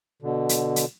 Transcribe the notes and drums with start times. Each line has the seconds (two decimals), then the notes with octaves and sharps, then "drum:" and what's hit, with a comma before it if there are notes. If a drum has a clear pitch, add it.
0.22 B2 D3
0.49 drum: hi-hat
0.76 drum: hi-hat